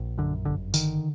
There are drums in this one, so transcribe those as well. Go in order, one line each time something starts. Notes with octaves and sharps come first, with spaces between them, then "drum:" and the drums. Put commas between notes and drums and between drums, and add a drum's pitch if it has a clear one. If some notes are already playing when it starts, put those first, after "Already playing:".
Already playing: A#1
F#2 D3
G1 D3
D3 D#3, drum: tambourine